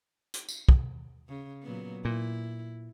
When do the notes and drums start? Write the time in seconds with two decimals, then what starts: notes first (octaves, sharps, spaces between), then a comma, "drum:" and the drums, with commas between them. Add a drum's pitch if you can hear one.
0.34 drum: hi-hat
0.49 drum: tambourine
0.69 drum: kick
1.29 C#3
1.63 A#2 F#3 B3
2.05 A#2 E4